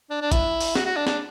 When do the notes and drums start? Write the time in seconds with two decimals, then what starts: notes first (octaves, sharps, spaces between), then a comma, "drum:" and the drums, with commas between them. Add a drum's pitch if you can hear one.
0.10 D4
0.21 D4
0.32 E4, drum: kick, hi-hat
0.61 drum: open hi-hat
0.75 F#4, drum: snare
0.86 F#4
0.97 D4
1.07 D4, drum: snare